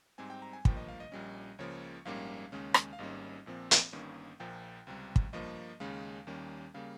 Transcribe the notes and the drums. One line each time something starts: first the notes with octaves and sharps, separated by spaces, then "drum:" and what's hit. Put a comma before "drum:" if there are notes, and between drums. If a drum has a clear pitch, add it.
G#2 G3 C4 G#5
G5
A#5
G#5
G2 F3 A#3 G5, drum: kick
D#5
F5
D#5
A#1 A#2 G3 C#4
C#2 C#3 F3 A#3 C#5
A#1 G#2 G3 A#3 C#4 F5
D#2 C#3 G#3 C#4
drum: rim click
F5
G#1 G#2 G3 A#3 C#4 D#5
A#1 A#2 F3 C4
drum: hi-hat
G1 G2 D#3 A#3 C#4
A#1 A#2 F3 G5
C#2 C3 G3
drum: kick
G2 F3 A#3 D#5
D#2 C#3 G#3 C#4 F5
D#2 D#3 G3 A#3 C#4
C#3 G3 A#3 F5